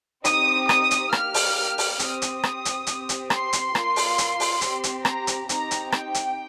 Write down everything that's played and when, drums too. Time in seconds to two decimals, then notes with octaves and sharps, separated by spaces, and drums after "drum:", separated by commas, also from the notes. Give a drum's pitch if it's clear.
0.25 C4 D#4 G4 D#6, drum: hi-hat
0.69 D#6, drum: rim click
0.91 drum: hi-hat
1.13 A#3 G4 F6, drum: rim click
1.34 drum: open hi-hat
1.78 drum: open hi-hat
1.99 C4 G4 D#6, drum: hi-hat
2.22 drum: hi-hat
2.43 drum: rim click
2.65 drum: hi-hat
2.87 C4 G4, drum: hi-hat
3.09 drum: hi-hat
3.30 C6, drum: rim click
3.53 drum: hi-hat
3.75 A#3 F4, drum: rim click
3.96 drum: open hi-hat
4.18 drum: hi-hat
4.40 drum: open hi-hat
4.61 C4 G4, drum: hi-hat
4.84 drum: hi-hat
5.05 A#5, drum: rim click
5.27 drum: hi-hat
5.49 C4 D#4 G4 A#5, drum: hi-hat
5.71 drum: hi-hat
5.92 G5, drum: rim click
6.14 drum: hi-hat